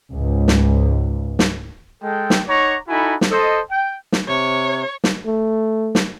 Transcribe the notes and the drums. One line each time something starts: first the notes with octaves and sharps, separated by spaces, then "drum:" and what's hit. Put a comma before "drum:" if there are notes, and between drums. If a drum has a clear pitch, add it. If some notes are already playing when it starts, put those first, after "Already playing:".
C#2 G#2
drum: snare
drum: snare
G#3 A4 G5
drum: snare
D#4 C#5 F#5 A#5 C#6 D6
D#4 E4 F#4 A4 G#5 B5
drum: snare
A4 C5 D#5
G5
drum: snare
C3 C#5
drum: snare
A3
drum: snare